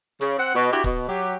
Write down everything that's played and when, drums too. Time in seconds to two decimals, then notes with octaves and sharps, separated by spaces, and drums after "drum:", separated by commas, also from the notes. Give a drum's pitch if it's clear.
0.21 C#3, drum: hi-hat
0.39 C4 F#5
0.55 B2
0.73 D4 E4 F#4 G4
0.84 B2, drum: kick C#1
1.08 F#3 G4